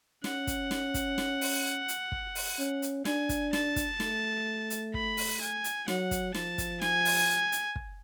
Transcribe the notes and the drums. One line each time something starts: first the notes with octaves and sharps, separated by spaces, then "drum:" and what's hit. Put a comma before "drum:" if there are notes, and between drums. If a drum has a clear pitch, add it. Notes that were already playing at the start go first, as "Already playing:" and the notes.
C#4 F#5, drum: snare
drum: kick, hi-hat
drum: snare
drum: kick, hi-hat
drum: snare
drum: open hi-hat
drum: hi-hat
drum: kick
drum: open hi-hat
C#4
drum: hi-hat
D4 G#5, drum: snare
drum: kick, hi-hat
A5, drum: snare
drum: kick, hi-hat
A3, drum: snare
drum: hi-hat
B5, drum: kick
drum: open hi-hat
G#5
drum: hi-hat
F#3 F#5, drum: snare
drum: kick, hi-hat
F3 A5, drum: snare
drum: kick, hi-hat
G#5, drum: snare
drum: open hi-hat
drum: hi-hat
drum: kick